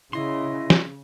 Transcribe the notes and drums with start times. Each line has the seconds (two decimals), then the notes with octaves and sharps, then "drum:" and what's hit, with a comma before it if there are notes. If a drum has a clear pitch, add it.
0.13 C#3 E4 D#5 C6
0.70 drum: snare